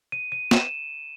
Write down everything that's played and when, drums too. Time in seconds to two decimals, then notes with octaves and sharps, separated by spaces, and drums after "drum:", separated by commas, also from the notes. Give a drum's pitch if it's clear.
0.12 D#7
0.32 D#7
0.51 E7, drum: snare